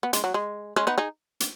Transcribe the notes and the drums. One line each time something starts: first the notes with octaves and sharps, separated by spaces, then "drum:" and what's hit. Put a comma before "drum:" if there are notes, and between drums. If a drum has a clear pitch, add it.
B3
G#3, drum: hi-hat
F#3
G#3
G#3 C#4
B3 D#4
D#4 G#4
drum: hi-hat